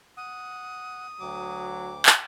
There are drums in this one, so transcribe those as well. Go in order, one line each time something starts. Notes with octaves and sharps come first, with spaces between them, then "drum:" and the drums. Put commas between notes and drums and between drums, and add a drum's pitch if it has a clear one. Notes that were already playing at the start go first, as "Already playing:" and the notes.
F#5 D#6
D2 F#3 D6
drum: clap